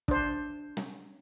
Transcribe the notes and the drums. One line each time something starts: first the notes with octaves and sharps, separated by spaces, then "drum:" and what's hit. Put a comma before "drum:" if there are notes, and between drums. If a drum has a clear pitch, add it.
D4 C5, drum: kick
drum: snare